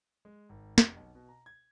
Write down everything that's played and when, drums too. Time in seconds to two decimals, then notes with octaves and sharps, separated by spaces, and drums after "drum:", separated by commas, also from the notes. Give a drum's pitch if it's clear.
0.25 G#3
0.49 G#1
0.78 F1, drum: snare
0.96 B1
1.15 B2
1.29 A#5
1.46 G#6